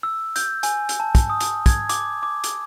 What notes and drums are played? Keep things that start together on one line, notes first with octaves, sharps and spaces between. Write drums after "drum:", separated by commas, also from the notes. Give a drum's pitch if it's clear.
E6
G6, drum: hi-hat
G#5, drum: hi-hat
drum: hi-hat
A5
drum: kick, hi-hat
D#6
drum: hi-hat
G#6, drum: kick, hi-hat
D6, drum: hi-hat
D6
drum: hi-hat